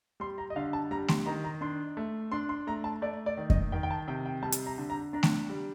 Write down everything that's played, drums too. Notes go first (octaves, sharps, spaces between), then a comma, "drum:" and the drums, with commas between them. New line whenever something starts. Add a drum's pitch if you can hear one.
G3 C6
A#5
D#5
D3 F5
A5
G3 A#5
C6, drum: snare A3
D#3 A#5
A#5
D4 C6
A3
D4 C6
C6
A3 A#5
A5
A3 D5
D5
D#3
D#5, drum: kick F2
D#3 G5
G5
A5
C3 G5
G5
G3 A5
drum: hi-hat
A#5
D3
A#5
D4 A#5
drum: snare A3
G3